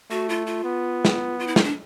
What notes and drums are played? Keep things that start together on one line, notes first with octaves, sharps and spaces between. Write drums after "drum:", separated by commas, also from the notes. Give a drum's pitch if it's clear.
A3 F#4
F4
F4
B3
drum: snare
F4
E4
D#4, drum: snare
D4